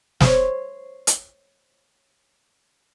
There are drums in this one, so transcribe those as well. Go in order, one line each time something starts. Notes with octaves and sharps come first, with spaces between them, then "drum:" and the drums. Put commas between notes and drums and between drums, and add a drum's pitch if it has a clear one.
C5 C#5, drum: snare
drum: hi-hat